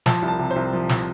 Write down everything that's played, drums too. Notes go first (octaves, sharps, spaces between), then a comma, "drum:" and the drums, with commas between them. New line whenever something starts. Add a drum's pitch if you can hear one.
F3 A5, drum: snare
C2
A5
C3
C5
C2
F3
drum: snare